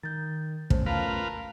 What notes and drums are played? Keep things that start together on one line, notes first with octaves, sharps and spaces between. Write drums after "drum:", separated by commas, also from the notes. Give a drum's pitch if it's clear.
D#3 G6 A6
E2 A3 C#4 C5, drum: kick
F4 A#4 B4 F5 A5